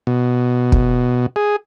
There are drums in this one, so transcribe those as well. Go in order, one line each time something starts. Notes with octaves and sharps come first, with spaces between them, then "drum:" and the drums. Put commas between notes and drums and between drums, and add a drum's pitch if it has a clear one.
B2
drum: kick
G#4